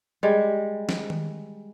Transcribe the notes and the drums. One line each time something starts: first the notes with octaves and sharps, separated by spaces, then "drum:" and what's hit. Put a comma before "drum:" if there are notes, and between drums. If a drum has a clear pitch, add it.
G3 G#3
drum: snare
drum: tom D#3